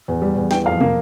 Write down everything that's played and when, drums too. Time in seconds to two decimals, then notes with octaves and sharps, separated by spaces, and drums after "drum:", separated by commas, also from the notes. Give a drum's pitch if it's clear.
0.08 E2
0.22 G3
0.37 E2
0.51 E3 G5, drum: snare
0.66 F2 F5
0.81 A#3, drum: tom